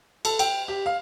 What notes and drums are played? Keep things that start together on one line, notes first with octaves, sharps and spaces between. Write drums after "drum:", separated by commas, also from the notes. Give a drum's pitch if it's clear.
A4, drum: cymbal
G5, drum: cymbal
G4
F5